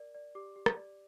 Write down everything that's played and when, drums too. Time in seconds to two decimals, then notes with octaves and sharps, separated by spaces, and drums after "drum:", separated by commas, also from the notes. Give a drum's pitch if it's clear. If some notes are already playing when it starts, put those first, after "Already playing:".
Already playing: A#4 D5
0.15 D5
0.35 G4 D6
0.56 G4
0.66 drum: rim click
0.76 D5